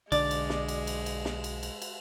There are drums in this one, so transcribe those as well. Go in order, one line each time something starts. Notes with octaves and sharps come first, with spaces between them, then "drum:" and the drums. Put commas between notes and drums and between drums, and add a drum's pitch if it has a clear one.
B1 D3 G#3 D4 D5, drum: cymbal
drum: cymbal
drum: snare
drum: cymbal
drum: cymbal
drum: cymbal
drum: snare
drum: cymbal
drum: cymbal
drum: cymbal